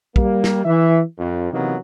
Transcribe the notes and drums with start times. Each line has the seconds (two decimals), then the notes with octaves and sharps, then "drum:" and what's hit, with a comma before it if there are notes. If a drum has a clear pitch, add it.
0.16 G3 A#3, drum: kick
0.44 drum: snare
0.64 E3 E5
1.19 F2
1.52 C3 E3 F#3 A#3 B3 D#4